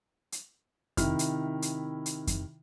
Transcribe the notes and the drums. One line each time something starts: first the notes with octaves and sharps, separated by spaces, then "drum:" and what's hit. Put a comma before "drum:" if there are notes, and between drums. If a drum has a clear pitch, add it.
drum: hi-hat
C3 D#3 E4 B5 F6, drum: kick F2, hi-hat
drum: hi-hat
drum: hi-hat
drum: hi-hat
drum: kick F2, hi-hat